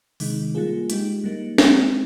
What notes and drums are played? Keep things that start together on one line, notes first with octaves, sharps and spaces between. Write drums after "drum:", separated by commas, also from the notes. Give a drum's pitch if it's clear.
C3 D#3 G#3 D#4, drum: open hi-hat
G3 A#3 F4 G#4
G#3 D#4 G4, drum: hi-hat
G3 A#3 D#4
G#3 C4 D#4, drum: snare